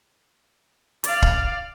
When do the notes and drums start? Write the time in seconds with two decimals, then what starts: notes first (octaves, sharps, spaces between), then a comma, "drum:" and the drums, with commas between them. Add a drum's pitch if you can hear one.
1.04 D5 F5, drum: hi-hat
1.22 drum: kick